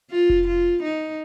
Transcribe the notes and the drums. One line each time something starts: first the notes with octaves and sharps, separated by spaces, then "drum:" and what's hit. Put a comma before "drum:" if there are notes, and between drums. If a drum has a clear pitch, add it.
F4
drum: kick F1
F4
D#4